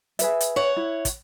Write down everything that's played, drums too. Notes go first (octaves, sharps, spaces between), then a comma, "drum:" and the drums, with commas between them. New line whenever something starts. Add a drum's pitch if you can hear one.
G#4 B4 E5, drum: hi-hat
drum: hi-hat
C#5 F#5
E4
drum: kick, hi-hat